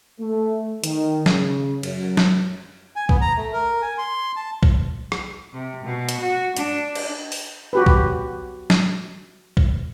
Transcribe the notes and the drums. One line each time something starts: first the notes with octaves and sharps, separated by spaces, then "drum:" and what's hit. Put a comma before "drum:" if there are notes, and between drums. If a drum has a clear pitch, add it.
A3
D#3, drum: hi-hat
C#3, drum: snare
F#2, drum: cymbal
drum: snare
G#5
B3, drum: kick
A#5
A3
A#4
G#5
C6
A5
drum: kick
drum: rim click
C3
B2
drum: hi-hat
F#4
D4, drum: hi-hat
drum: cymbal
drum: open hi-hat
F#4 G4 B4
drum: kick
drum: snare
drum: kick